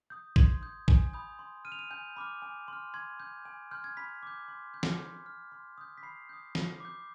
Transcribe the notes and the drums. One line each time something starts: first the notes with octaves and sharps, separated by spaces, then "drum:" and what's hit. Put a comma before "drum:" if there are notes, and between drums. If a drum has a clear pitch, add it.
D#6 G6
C6 G#6, drum: kick
D#6 G6
G#5, drum: kick
B5 D#6 G6
C6
F6 D#7
F7
D#7
G#5 G6
B5 D6 F6
G#5
C6 F6
C6 G#6
G6
G#5
C6 F6 G6
G#6
B5 B6
D6 G6
C6
G6
drum: snare
C6
F6
C6
D#6 G6
B6
B5 C7
D#6 G6
B5, drum: snare
D6 G6